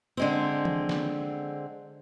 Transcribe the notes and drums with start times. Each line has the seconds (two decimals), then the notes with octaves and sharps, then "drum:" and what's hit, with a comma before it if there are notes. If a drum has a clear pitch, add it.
0.17 D3 G#3 C4
0.65 drum: tom E3
0.89 drum: snare